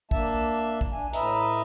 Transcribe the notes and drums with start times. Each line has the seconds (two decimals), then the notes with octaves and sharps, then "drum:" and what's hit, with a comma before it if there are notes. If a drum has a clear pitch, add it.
0.11 A#3 D4 E5 A5, drum: kick
0.81 drum: kick
0.93 D4 G#5
1.13 A2 B4 D#5 E5 A#5, drum: hi-hat